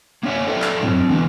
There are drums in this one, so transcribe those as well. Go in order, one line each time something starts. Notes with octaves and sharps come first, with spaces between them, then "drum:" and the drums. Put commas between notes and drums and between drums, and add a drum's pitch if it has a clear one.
A#3 C#4 C#5 E5 F#5
G4 A4 C5 D5 E5 G5
drum: clap
F#3 C4, drum: tom
D3 E3 G#3 B3